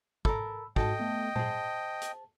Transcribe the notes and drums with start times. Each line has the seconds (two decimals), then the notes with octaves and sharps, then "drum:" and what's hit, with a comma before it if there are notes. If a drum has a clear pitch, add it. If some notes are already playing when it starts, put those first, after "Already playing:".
0.25 A4 A#4 B5 E6, drum: kick
0.76 G#2 F#4 A4 D#5 G5 A5, drum: kick
0.99 A3 B3
1.36 G#4 C5 A5, drum: tom A#2
2.02 drum: hi-hat